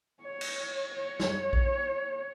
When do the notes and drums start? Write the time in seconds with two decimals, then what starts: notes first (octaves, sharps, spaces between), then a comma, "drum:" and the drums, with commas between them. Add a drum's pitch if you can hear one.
0.23 C#5
0.41 drum: cymbal
0.97 C#5
1.20 drum: snare
1.53 drum: kick A#1